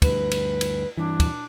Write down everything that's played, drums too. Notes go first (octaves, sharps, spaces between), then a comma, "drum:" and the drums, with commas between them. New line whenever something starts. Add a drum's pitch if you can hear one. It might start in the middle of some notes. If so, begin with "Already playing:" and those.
D2 G2 B4, drum: kick, cymbal
drum: cymbal
drum: cymbal
G2 E3 D4
drum: kick, cymbal